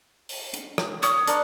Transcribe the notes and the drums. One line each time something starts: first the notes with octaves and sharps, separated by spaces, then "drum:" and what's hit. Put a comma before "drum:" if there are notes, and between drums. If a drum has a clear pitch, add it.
drum: open hi-hat
drum: hi-hat
drum: rim click
C#5 D#6, drum: hi-hat
D4 A#4, drum: hi-hat